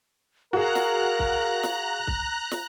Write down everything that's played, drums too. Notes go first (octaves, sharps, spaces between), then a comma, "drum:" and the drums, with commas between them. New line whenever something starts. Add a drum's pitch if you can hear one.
F#4 G#4 A#4 F5 A#5 F#6
drum: snare
drum: kick
drum: snare
drum: kick
drum: snare